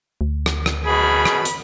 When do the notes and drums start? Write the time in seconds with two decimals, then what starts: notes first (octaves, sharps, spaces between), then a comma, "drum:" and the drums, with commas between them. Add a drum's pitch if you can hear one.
0.21 D2
0.46 drum: rim click
0.66 drum: rim click
0.86 F#2 B2 G#4 B5
1.26 drum: rim click
1.45 drum: hi-hat